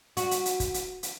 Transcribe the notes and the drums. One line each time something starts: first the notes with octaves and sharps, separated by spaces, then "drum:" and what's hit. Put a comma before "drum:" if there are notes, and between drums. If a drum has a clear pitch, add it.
F#4, drum: hi-hat
drum: hi-hat
drum: hi-hat
drum: kick, hi-hat
drum: hi-hat
drum: hi-hat